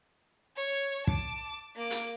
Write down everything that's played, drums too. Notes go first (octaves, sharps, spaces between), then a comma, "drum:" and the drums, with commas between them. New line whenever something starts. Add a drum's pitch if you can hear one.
C#5
A5 D6, drum: kick
A#3 D6
drum: hi-hat